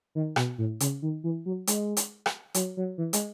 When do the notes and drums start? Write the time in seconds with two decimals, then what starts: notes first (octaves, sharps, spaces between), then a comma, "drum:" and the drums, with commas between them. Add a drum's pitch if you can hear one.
0.15 D#3
0.36 B2, drum: rim click
0.58 A2
0.80 C#3, drum: hi-hat
1.02 D#3
1.24 E3
1.46 F#3
1.67 G#3, drum: hi-hat
1.97 drum: hi-hat
2.26 drum: rim click
2.54 F#3, drum: hi-hat
2.77 F#3
2.98 E3
3.13 G#3, drum: hi-hat